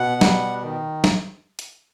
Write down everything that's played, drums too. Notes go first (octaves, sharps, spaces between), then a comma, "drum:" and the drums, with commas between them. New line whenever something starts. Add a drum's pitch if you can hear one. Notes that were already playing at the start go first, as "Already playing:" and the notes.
Already playing: B2 F#5
G3, drum: snare
D#3
drum: snare
drum: hi-hat